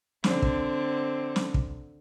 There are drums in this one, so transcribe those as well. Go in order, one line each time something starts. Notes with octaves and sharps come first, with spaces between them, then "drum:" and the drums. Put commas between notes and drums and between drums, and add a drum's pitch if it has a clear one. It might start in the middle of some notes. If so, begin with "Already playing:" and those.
D3 C4, drum: snare
drum: kick
drum: snare
drum: kick